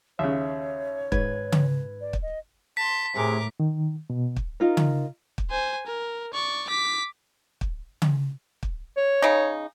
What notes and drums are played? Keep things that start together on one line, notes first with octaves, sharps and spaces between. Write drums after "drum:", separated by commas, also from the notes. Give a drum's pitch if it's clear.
D#2 C#3 C#5 E5
G#2 B4 G#6, drum: kick
drum: tom C#3
D5
drum: kick
D#5
A5 C6 B6
A2 C3 G#4 A#4 D6
D#3
B2
drum: kick
D#4 F4 A#4
drum: tom C#3
drum: kick
C5 G#5
A#4
D5 C#6
D6 B6
drum: kick
drum: tom C#3
drum: kick
C#5
C#3 D#4